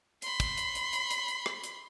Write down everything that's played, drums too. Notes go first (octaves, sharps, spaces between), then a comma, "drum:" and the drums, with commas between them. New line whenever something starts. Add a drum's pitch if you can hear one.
B5 C6, drum: hi-hat
drum: kick, hi-hat
drum: hi-hat
drum: hi-hat
drum: hi-hat
drum: hi-hat
drum: hi-hat
drum: rim click
drum: hi-hat